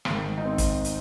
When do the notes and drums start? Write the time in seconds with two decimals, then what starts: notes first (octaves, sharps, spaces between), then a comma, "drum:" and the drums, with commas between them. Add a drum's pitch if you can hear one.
0.05 G#1 G#2 D#3, drum: rim click
0.38 D#4
0.45 C4
0.58 drum: kick, hi-hat
0.85 drum: hi-hat